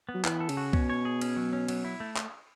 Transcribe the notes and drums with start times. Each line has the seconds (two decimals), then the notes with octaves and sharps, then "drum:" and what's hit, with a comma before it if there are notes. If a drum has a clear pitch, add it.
0.09 B3
0.14 F#3
0.25 E3 B3, drum: clap
0.40 A4
0.49 C#3, drum: cymbal
0.57 F#4
0.73 B2 C#4, drum: kick C2
0.90 C#5
1.05 G#4
1.21 C#4, drum: cymbal
1.37 F#3
1.53 C#4
1.68 F#3, drum: cymbal
1.85 E4
2.00 A3
2.17 drum: clap